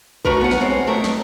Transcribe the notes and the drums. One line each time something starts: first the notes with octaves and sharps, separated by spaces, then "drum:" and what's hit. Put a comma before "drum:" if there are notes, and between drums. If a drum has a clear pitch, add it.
A3 F#4 A#4 B4, drum: kick
B3 F#5
drum: snare
G#3 C4 C#4
F2 A3 A#4
drum: snare